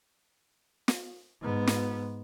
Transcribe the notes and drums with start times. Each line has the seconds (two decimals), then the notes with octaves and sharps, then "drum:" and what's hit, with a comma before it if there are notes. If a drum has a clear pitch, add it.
0.88 drum: snare
1.41 G#2 B3
1.67 drum: snare